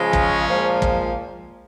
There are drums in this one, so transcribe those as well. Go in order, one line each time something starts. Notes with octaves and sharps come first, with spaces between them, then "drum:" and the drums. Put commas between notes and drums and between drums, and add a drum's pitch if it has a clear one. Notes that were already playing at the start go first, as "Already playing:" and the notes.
Already playing: C#3 F3 G#3
C#4, drum: kick
A#2 F3 G#3
drum: kick